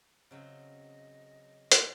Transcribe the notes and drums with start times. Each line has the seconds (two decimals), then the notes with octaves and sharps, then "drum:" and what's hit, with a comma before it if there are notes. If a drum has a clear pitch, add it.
0.31 C#3 F#3 C4 D#5
1.72 drum: hi-hat